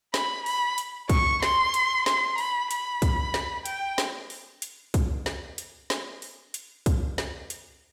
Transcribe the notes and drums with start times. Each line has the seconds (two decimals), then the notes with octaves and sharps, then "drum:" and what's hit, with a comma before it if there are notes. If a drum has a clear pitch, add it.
0.14 B5, drum: snare
0.46 B5, drum: open hi-hat
0.78 drum: hi-hat
1.09 C#6, drum: kick, hi-hat
1.43 C6, drum: snare
1.74 drum: hi-hat
2.06 C6, drum: snare
2.38 B5, drum: open hi-hat
2.71 B5, drum: hi-hat
3.02 drum: kick, hi-hat
3.34 drum: snare
3.66 G5, drum: hi-hat
3.98 drum: snare
4.30 drum: open hi-hat
4.62 drum: hi-hat
4.94 drum: kick, hi-hat
5.26 drum: snare
5.58 drum: hi-hat
5.90 drum: snare
6.22 drum: open hi-hat
6.54 drum: hi-hat
6.86 drum: kick, hi-hat
7.18 drum: snare
7.50 drum: hi-hat